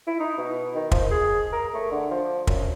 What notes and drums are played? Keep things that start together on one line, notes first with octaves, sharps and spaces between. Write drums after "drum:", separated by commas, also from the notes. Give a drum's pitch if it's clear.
E4
D#4
B2
D#3
F3, drum: kick
G#4
A#4
A3
D3
F3
F#2, drum: kick